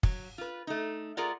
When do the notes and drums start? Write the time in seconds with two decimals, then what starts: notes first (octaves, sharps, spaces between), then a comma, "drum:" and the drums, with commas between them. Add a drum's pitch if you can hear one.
0.03 F#3, drum: kick
0.38 F4 B4
0.67 A3 D#4
1.17 F4 G#4 A#4 D5 F#5